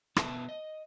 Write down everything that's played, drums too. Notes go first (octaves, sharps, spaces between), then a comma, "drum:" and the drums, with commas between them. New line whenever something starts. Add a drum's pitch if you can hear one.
B2 B3 E5 A5, drum: rim click
D#5